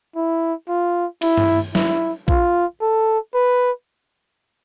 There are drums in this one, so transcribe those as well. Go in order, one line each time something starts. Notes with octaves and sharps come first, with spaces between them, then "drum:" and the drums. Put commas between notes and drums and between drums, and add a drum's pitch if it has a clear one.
E4
F4
E4, drum: cymbal
drum: tom G2
E4, drum: snare
F4, drum: kick A#1
A4
B4